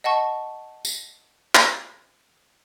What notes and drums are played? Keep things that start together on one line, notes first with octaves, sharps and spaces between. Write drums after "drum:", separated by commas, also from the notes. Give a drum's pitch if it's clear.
D#5 F#5 A5 C#6
drum: tambourine
drum: clap